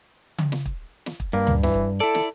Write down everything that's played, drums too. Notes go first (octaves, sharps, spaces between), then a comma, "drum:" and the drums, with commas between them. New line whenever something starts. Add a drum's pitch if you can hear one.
drum: tom C#3
drum: snare
drum: kick
drum: snare
drum: kick
G2 A#3
drum: tom D2
E3, drum: snare
drum: kick
E4 A4 D5
drum: snare